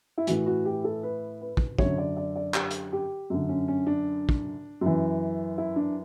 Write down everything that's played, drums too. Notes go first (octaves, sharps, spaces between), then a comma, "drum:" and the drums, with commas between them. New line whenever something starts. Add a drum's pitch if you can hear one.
E4
A2 E3 F#4, drum: hi-hat
F#4
G4
A4
B4
B4
drum: kick
F#2 D3 C#5, drum: kick
D5
D5
D5
G4, drum: clap
drum: hi-hat
G4
F#2 D3
C#4
C#4
D4
drum: kick
F#2 E3
E4
D4